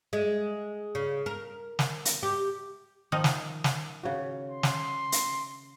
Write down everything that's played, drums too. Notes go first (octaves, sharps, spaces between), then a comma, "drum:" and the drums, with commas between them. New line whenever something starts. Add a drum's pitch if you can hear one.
G#3
C#3
A#4
drum: snare
drum: hi-hat
G4
D#3 F3 D#4
drum: snare
drum: snare
C#3 F#4
C6
drum: snare
drum: hi-hat